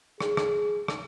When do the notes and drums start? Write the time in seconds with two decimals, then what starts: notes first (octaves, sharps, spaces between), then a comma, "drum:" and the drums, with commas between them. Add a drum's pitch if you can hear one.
0.21 G#4, drum: rim click
0.37 drum: rim click
0.88 drum: rim click